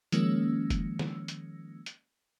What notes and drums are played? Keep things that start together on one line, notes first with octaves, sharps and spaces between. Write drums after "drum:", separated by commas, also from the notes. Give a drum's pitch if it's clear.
D#3 F3 G#3 A#3 C#4 E6, drum: hi-hat
drum: kick, hi-hat
drum: snare
drum: hi-hat
drum: hi-hat